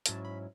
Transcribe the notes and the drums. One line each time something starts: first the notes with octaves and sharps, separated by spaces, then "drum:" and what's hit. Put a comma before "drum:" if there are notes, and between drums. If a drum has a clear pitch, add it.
G#2 F#3 C#4 E4 A5, drum: hi-hat
B5